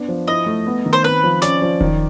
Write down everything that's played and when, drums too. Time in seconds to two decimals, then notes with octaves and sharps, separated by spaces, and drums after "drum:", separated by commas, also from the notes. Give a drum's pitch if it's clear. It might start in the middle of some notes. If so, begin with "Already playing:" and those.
Already playing: B3 D4
0.08 F3
0.28 E4 D#5
0.46 A3
0.67 B3
0.86 D#3
0.93 C5
1.04 C4 B4
1.24 F3
1.42 C#4 D5, drum: snare
1.62 F3
1.81 D#3, drum: kick E1